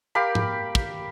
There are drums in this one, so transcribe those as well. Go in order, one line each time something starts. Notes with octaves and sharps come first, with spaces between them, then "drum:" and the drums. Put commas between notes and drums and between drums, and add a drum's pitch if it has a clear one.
G4 A#4 F5 B5
drum: tom G#2
drum: kick